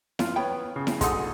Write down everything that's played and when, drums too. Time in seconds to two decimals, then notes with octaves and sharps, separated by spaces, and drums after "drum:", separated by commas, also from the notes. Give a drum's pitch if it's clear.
0.19 F4, drum: snare E4
0.36 B3 C#5 G5 B5
0.76 C#3
0.87 drum: snare E4
1.01 D2 G#3 D#4 A4 F#5 D#6, drum: kick, hi-hat